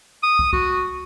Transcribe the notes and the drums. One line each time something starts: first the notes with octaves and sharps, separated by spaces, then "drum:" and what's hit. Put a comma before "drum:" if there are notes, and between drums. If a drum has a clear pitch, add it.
D#6
drum: kick
F#4, drum: kick